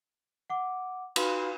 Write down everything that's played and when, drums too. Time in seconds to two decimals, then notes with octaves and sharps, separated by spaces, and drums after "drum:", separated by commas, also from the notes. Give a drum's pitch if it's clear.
0.50 F#5 D6
1.16 D#4 F#4 B4 F5 B5 C6, drum: cymbal